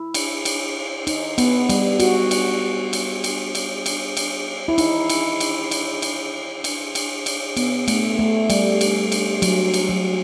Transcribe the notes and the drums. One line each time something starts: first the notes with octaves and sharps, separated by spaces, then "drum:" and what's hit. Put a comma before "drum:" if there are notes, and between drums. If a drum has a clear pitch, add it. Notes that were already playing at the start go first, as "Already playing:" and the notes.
Already playing: E4
drum: cymbal
drum: cymbal
D#4, drum: cymbal
B3, drum: cymbal
G3, drum: cymbal
F#4, drum: cymbal
drum: cymbal
drum: cymbal
drum: cymbal
drum: cymbal
drum: cymbal
drum: cymbal
E4
D#4, drum: cymbal
drum: cymbal
drum: cymbal
drum: cymbal
drum: cymbal
drum: cymbal
drum: cymbal
drum: cymbal
B3, drum: cymbal
A3, drum: cymbal
A3
G3, drum: cymbal
drum: cymbal
drum: cymbal
F#3, drum: cymbal
drum: cymbal
F#3